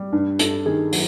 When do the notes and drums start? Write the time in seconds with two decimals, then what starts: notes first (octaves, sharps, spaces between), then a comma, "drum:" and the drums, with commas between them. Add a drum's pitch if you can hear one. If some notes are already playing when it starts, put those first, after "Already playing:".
Already playing: G3
0.12 G2
0.39 G2 A4, drum: hi-hat
0.66 D#3 G#4
0.92 F#3, drum: open hi-hat